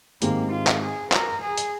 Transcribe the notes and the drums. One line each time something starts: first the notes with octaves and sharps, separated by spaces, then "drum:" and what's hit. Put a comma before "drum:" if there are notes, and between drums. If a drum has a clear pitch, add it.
G#2 D#3 G#3 A#3 C4 G4, drum: hi-hat
F4
drum: clap
G#4
A#4, drum: clap
G#4
drum: hi-hat